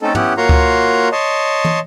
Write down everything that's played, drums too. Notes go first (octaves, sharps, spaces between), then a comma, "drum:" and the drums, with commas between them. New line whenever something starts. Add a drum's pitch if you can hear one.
A3 C4 C#4 D#4 A4
B3 C#4 E4 G4 F#5, drum: tom
A#3 F4 F#4 C#5 A#5 C6
drum: kick C#2
C#5 D#5 A5 C6
drum: tom